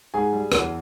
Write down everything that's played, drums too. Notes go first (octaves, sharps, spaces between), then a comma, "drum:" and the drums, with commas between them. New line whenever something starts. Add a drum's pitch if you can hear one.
G#2 G#4 G#5
G3
E2, drum: rim click